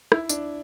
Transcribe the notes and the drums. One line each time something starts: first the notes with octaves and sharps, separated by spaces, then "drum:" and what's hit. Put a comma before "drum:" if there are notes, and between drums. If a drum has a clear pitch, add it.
E4, drum: rim click
D4, drum: tambourine